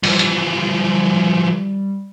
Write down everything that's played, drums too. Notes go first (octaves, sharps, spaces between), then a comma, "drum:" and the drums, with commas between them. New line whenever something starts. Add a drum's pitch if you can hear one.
E3 F3 G3, drum: open hi-hat
drum: hi-hat